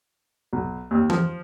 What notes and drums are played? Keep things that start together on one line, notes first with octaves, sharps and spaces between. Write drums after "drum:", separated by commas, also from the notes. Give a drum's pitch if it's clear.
B1
D#2
F3, drum: tom E3